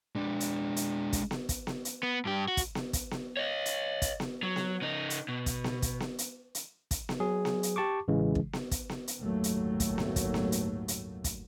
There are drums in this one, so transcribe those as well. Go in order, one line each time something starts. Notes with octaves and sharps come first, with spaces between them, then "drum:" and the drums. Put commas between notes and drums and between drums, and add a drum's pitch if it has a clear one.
G#3 D4
drum: hi-hat
drum: hi-hat
drum: kick, hi-hat
drum: snare B3
drum: kick, hi-hat
drum: snare B3
drum: hi-hat
B3
G2 G4
F#4
drum: kick, hi-hat
drum: snare B3
drum: kick, hi-hat
drum: snare B3
C#5 D#5
drum: hi-hat
drum: kick, hi-hat
drum: snare B3
F#3
drum: snare B3
C#3 D#4
drum: hi-hat
B2
drum: kick, hi-hat
drum: snare B3
drum: kick, hi-hat
drum: snare B3
drum: hi-hat
drum: hi-hat
drum: kick, hi-hat
drum: snare B3
F#3 G#4
drum: snare B3
drum: hi-hat
G4 A5 C#6 D6
A1 C#3 E3 G#3
drum: kick
drum: snare B3
drum: kick, hi-hat
drum: snare B3
drum: hi-hat
G1 D#2 A2 F#3 A3
drum: hi-hat
drum: kick, hi-hat
drum: snare B3
drum: kick, hi-hat
drum: snare B3
drum: hi-hat
drum: hi-hat
drum: kick, hi-hat